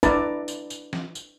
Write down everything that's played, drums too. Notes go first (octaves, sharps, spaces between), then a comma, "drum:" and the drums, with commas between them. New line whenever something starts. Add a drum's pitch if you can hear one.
D4 E4 B4 D5 A5 A#5, drum: kick, tambourine
drum: tambourine
drum: tambourine
drum: snare
drum: tambourine